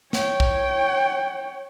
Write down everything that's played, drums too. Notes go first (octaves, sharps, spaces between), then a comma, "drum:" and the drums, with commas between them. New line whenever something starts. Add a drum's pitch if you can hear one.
C#5 G5, drum: snare
drum: kick